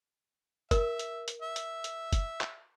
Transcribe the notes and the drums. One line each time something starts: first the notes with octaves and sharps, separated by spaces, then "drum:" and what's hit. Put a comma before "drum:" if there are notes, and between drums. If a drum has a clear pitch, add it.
A#4 E5, drum: kick, hi-hat
drum: hi-hat
drum: hi-hat
E5
drum: hi-hat
drum: hi-hat
drum: kick, hi-hat
drum: clap